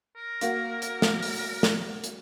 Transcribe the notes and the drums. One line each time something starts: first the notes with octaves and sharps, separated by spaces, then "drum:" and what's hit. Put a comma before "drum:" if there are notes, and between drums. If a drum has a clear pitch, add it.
A#4
A#3 F#4, drum: hi-hat
drum: hi-hat
drum: snare
drum: open hi-hat
drum: snare
drum: hi-hat